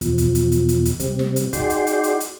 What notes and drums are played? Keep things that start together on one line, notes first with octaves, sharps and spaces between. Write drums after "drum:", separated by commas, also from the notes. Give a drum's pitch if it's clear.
E2 B2 F3, drum: hi-hat
drum: kick, hi-hat
drum: hi-hat
drum: hi-hat
drum: hi-hat
drum: hi-hat
C3 G3 C4, drum: kick, hi-hat
drum: snare
drum: hi-hat
D#4 F#4 G#4 D5 G5 C6, drum: kick, hi-hat
drum: hi-hat
drum: hi-hat
drum: hi-hat
drum: hi-hat